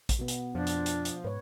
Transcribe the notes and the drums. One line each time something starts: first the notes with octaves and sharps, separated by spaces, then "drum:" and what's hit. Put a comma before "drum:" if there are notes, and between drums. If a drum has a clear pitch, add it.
drum: kick A1, hi-hat
B2 B3
drum: hi-hat
F2 F3 D4
drum: hi-hat
drum: hi-hat
drum: hi-hat
G#2 B4 C#5